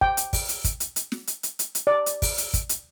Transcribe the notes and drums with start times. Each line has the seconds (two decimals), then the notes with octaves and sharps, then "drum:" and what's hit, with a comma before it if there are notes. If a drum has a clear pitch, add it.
0.01 G5, drum: kick
0.17 drum: hi-hat
0.33 drum: kick, open hi-hat
0.49 drum: hi-hat
0.64 drum: kick, hi-hat
0.80 drum: hi-hat
0.96 drum: hi-hat
1.12 drum: snare
1.27 drum: hi-hat
1.43 drum: hi-hat
1.59 drum: hi-hat
1.75 drum: hi-hat
1.87 D5
2.06 drum: hi-hat
2.22 drum: kick, open hi-hat
2.38 drum: hi-hat
2.54 drum: kick, hi-hat
2.69 drum: hi-hat